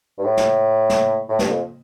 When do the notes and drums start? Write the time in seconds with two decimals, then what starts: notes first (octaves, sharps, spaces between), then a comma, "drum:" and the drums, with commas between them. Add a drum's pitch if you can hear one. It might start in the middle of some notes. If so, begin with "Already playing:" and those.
0.18 G2
0.24 A2
0.37 drum: snare
0.90 drum: snare
1.29 A2
1.39 G2, drum: snare
1.49 F2